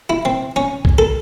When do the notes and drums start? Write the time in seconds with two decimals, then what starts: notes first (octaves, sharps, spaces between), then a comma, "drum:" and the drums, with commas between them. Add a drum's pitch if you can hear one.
0.10 E4
0.25 C4
0.56 C#4
0.85 drum: kick
0.98 A4